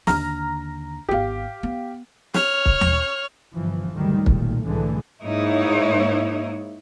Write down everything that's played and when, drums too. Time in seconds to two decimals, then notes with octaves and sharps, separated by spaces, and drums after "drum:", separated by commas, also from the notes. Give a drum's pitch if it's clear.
0.07 D#2 D3 A#5 F6, drum: snare
1.09 G#1 B3 G4 F5
1.63 B3
2.34 C#5 F6, drum: snare
2.66 drum: kick
2.81 drum: tom D#2
3.55 G1 E3 F3
3.93 D2 G2 D#3 F#3 G3
4.26 B1 A#2 D#3 A3, drum: kick
4.66 C2 A2 D3 E3 G#3 A3
5.24 G#2 A#3 D#4 E4 C#5